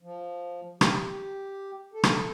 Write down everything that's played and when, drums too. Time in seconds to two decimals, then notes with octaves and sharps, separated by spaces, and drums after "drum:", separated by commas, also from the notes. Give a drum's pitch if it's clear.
0.02 F3
0.81 G4, drum: rim click
1.94 A4
2.03 drum: rim click